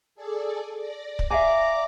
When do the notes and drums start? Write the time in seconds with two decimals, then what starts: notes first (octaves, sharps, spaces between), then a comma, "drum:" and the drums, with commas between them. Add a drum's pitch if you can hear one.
0.15 G#4 A4 D5
0.78 D5 A#6
1.19 drum: kick
1.31 E5 F5 G#5 A#5 D6